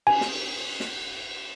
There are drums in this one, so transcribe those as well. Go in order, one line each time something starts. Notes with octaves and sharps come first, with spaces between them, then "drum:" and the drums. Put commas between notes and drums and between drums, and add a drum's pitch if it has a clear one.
G#5, drum: cymbal
drum: snare
drum: snare